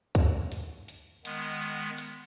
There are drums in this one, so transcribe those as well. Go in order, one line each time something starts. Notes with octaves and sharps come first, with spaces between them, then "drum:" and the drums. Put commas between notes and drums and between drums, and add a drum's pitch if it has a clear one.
drum: kick, hi-hat
drum: hi-hat
drum: hi-hat
D#3 G#3 B3, drum: hi-hat
drum: hi-hat
drum: hi-hat